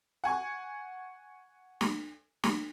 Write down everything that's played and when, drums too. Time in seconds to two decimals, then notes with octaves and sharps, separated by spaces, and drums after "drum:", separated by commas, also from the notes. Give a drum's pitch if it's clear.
0.24 F#5 G#5 C#6
1.81 drum: snare
2.44 drum: snare